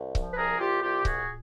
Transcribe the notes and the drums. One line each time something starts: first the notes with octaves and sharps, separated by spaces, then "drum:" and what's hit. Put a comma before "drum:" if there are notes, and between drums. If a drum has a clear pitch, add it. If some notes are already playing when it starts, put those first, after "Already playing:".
Already playing: C2
F3, drum: kick C#1
B4
C2 G#4 A#4
C2 F4 G4
C2 F4 G4
A#2 F#4 G#4, drum: kick C#1